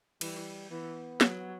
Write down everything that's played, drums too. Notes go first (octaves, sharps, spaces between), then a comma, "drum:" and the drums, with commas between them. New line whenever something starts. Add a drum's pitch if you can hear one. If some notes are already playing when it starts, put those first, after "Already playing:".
E3 G3, drum: cymbal
E3 B3
F#3, drum: snare